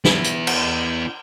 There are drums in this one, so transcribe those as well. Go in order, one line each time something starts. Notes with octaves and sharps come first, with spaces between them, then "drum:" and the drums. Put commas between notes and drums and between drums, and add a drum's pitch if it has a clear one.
B3 E4, drum: snare
drum: hi-hat
drum: cymbal